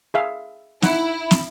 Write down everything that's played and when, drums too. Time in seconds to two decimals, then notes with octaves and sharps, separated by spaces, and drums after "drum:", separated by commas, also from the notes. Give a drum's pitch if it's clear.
0.14 G#4 E5 F5
0.82 D#4 E4 F#5, drum: snare
1.31 drum: snare